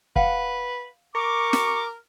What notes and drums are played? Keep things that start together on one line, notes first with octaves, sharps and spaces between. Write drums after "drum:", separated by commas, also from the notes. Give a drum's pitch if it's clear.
B4 F5 F#5, drum: kick
A#4 C#6 D6
drum: snare